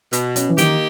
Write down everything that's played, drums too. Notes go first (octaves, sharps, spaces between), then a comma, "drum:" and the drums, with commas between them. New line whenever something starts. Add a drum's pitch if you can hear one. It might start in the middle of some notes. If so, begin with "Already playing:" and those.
B2, drum: hi-hat
C#4, drum: hi-hat
E3
D#3 A#3 D#4 G4, drum: hi-hat